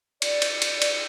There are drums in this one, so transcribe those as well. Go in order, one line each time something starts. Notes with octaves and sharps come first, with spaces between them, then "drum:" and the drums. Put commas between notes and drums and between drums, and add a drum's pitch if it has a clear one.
D5, drum: cymbal
drum: cymbal
drum: cymbal
drum: cymbal